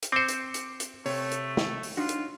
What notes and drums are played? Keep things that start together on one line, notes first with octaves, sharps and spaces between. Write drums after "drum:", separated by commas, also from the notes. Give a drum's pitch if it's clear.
drum: hi-hat
C4 C5 D6 C#7
drum: hi-hat
drum: hi-hat
drum: hi-hat
C3 A3 C#5, drum: open hi-hat
drum: hi-hat
drum: snare
drum: open hi-hat
D4 D#4 F4 F#4
drum: hi-hat